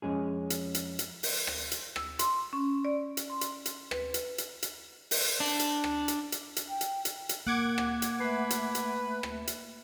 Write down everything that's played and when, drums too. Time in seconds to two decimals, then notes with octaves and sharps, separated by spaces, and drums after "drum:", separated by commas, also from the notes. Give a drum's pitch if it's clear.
0.02 F2 G#3 C#4 G#4
0.50 drum: hi-hat
0.75 drum: hi-hat
0.99 drum: hi-hat
1.23 drum: open hi-hat
1.47 drum: rim click
1.72 drum: hi-hat
1.96 E6, drum: rim click
2.19 C6, drum: hi-hat
2.53 C#4
2.85 D5
3.17 drum: hi-hat
3.30 C6
3.41 drum: hi-hat
3.65 drum: hi-hat
3.91 B4, drum: rim click
4.14 drum: hi-hat
4.38 drum: hi-hat
4.62 drum: hi-hat
5.11 drum: open hi-hat
5.40 D4
5.59 drum: hi-hat
5.84 drum: rim click
6.08 drum: hi-hat
6.32 drum: hi-hat
6.56 drum: hi-hat
6.69 G5
6.81 drum: hi-hat
7.05 drum: hi-hat
7.29 drum: hi-hat
7.47 A#3 F#5 D6 G#6
7.78 drum: rim click
8.02 drum: hi-hat
8.20 A3 B4 E5
8.50 drum: hi-hat
8.75 drum: hi-hat
9.23 drum: rim click
9.47 drum: hi-hat